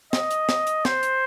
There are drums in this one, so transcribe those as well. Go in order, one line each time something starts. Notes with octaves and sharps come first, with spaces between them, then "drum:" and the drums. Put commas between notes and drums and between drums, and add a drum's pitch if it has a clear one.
D#5, drum: snare
drum: hi-hat
drum: snare
drum: hi-hat
C5, drum: snare
drum: hi-hat